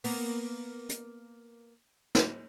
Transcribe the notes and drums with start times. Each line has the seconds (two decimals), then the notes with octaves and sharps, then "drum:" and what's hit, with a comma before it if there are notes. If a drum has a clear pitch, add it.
0.04 A#3 B3, drum: open hi-hat
0.89 drum: hi-hat
2.15 drum: snare